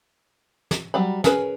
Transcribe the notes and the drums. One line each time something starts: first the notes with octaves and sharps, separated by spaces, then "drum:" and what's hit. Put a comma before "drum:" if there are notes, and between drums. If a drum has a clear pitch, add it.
drum: snare
F#3 G3 B5
C#4 G#4 A#4 B4, drum: snare